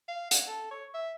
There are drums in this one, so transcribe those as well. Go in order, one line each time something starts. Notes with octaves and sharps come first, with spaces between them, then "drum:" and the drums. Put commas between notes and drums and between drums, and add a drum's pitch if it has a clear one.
F5
F#5, drum: hi-hat
A4
C#5
E5